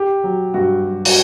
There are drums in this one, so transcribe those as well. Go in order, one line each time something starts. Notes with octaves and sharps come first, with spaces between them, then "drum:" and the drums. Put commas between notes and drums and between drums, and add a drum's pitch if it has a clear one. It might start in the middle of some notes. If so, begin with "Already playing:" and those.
Already playing: G4
F#3
G2 F#4
F#3
F#4, drum: open hi-hat